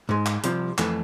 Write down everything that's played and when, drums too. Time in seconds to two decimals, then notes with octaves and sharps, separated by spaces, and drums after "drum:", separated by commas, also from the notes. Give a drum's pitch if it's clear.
0.09 G#2 G#3
0.26 drum: clap
0.44 C2 C3 F3, drum: hi-hat
0.78 F2 E3 A3, drum: clap